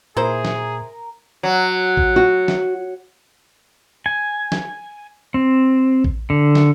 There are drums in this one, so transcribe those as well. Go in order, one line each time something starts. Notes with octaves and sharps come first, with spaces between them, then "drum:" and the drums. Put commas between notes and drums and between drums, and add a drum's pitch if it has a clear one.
A#2 E4 G#4 A#4 C5
drum: snare
F#3
drum: kick A1
F#4
drum: snare
G#5
drum: snare
C4
drum: kick A1
D3
drum: snare